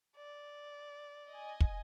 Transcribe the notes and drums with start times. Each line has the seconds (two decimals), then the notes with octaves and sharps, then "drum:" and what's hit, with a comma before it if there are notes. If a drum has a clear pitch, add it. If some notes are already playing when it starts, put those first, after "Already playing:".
0.17 D5
1.30 D#5 G#5
1.60 drum: kick